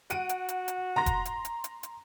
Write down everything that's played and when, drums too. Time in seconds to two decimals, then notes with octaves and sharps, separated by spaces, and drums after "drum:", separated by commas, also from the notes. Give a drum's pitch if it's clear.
0.10 F#4 F#5 D7 D#7, drum: hi-hat
0.29 drum: hi-hat
0.49 drum: hi-hat
0.68 drum: hi-hat
0.96 A#5 C6 A#6
1.06 drum: kick E1, hi-hat
1.25 drum: hi-hat
1.45 drum: hi-hat
1.64 drum: hi-hat
1.83 drum: hi-hat